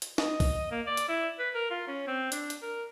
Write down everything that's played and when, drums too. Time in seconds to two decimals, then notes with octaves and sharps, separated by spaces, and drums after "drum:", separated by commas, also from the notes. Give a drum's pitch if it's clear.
0.02 drum: hi-hat
0.18 D#5, drum: snare
0.40 drum: kick C2, open hi-hat
0.71 A#3
0.87 D5
0.97 drum: hi-hat
1.08 E4
1.39 B4
1.55 A#4
1.71 F4
1.88 C#4
2.07 C4
2.32 D4, drum: hi-hat
2.50 drum: hi-hat
2.62 A#4